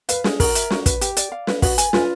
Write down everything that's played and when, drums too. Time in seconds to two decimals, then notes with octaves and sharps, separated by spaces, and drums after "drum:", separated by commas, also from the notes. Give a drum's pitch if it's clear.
0.09 B4 F5, drum: hi-hat
0.24 G#4, drum: snare
0.40 F#4 A#4, drum: kick, open hi-hat
0.55 E5, drum: hi-hat
0.70 F#4, drum: snare
0.86 B4, drum: kick, hi-hat
1.01 G4, drum: hi-hat
1.17 D5, drum: hi-hat
1.32 F5
1.47 B4, drum: snare
1.62 F#4 B4, drum: kick, open hi-hat
1.78 G#5, drum: hi-hat
1.93 F4 B4, drum: snare